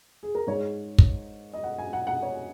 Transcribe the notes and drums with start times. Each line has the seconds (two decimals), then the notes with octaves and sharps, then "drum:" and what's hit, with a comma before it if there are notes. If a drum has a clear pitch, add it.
0.23 G#4
0.35 A#4
0.47 G#2 G#3 C#5
0.98 drum: kick
1.53 D#5
1.64 F#5
1.78 G#5
1.93 F#5
2.07 F#5
2.23 C#5